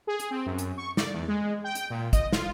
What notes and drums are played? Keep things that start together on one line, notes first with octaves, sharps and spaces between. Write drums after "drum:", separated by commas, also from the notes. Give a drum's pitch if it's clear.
G#4
drum: hi-hat
C4
F#2
drum: hi-hat
C#6
D5, drum: snare
E2
G#3
G5
drum: hi-hat
A#2
D#5, drum: kick, hi-hat
F4, drum: snare